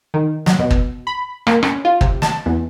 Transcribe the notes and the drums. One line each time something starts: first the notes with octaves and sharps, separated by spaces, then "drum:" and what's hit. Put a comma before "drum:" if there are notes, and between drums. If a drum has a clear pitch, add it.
D#3
F#3, drum: snare
B2
drum: kick
B5
A#3, drum: rim click
C#4, drum: rim click
F4
C3, drum: kick
A5, drum: snare
E2